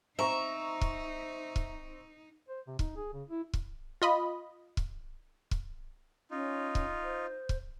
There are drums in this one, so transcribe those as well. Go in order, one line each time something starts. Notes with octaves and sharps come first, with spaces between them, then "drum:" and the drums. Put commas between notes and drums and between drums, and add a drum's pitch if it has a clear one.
C4 D#4 E5 A#5 C#6
drum: kick
drum: kick
C5
C3
D#4, drum: kick
G#4
C#3
E4
drum: kick
F4 D#5 B5
drum: kick
drum: kick
C#4 D#4 F4
drum: kick
C5
drum: kick